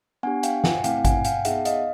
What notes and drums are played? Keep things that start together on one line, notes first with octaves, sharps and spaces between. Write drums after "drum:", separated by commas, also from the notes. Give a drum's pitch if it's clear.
B3 D4 G4 F#5 G#5
F5 G5, drum: hi-hat
F#5 G#5, drum: snare
A3 C4 E4 F5 G5, drum: hi-hat
F#5 G#5, drum: kick G#1, hi-hat
F5 G5, drum: hi-hat
B3 D#4 G#4 E5 F#5, drum: hi-hat
D#5 F5, drum: hi-hat